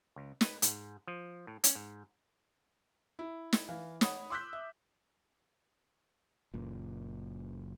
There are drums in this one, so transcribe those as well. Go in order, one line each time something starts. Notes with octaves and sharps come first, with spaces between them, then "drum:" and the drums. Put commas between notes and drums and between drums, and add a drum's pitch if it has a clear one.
C#2
B4, drum: snare
G#2, drum: hi-hat
F3
A2
C#4, drum: hi-hat
G#2
E4
drum: snare
E3 F5
C#5 F#5 B5 D#6, drum: snare
C6 D6 E6 F#6 G6 B6
E5
F#1 F#2 A#2